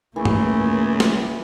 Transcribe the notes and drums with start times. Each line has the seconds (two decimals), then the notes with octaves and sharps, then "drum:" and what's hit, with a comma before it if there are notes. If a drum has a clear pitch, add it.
0.16 C#2 E3 A3 A#3
0.25 drum: tom G2
1.00 drum: snare